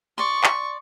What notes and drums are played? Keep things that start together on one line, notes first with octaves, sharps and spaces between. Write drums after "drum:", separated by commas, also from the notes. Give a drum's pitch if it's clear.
D5 C6 C#6
drum: clap